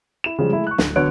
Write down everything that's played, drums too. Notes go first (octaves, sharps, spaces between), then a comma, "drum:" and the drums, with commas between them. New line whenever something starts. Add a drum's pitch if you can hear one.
E4 E7
C#3 F3 G3 G#3
G#3 A3 E4
C#6 F#6
D1, drum: snare
D3 B3 F#4 C#5 F#6 D7